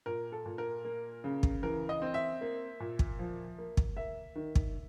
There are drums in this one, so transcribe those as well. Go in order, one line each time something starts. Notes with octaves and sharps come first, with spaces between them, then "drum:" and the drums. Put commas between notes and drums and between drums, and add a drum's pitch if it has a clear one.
A#2 A#4
A4
A#2
A#4
A#3
C#3
drum: kick
E3 A#4
D#5
C4
E5
A#3
A#2
drum: kick
F3
A#3
drum: kick
A#3 E5
D#3
drum: kick